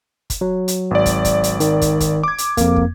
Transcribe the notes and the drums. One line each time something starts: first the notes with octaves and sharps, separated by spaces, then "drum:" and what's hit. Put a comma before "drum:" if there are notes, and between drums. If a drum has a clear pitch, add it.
drum: kick, hi-hat
F#3
drum: hi-hat
G#1 D5
drum: kick, hi-hat
drum: kick, hi-hat
drum: hi-hat
D#3, drum: hi-hat
drum: kick, hi-hat
drum: kick, hi-hat
D6 G#6
drum: hi-hat
F2 A#3, drum: kick, hi-hat
drum: kick